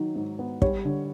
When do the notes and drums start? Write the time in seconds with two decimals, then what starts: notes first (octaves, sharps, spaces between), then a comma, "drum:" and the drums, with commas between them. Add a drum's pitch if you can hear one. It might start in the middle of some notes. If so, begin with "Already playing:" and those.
Already playing: D#3 F#3
0.16 G#2
0.39 B3
0.62 G3 C#5, drum: kick
0.85 D3